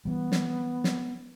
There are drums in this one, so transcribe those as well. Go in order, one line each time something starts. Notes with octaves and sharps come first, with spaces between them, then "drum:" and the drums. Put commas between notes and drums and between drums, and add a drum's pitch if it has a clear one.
E3 G3 B3
drum: snare
drum: snare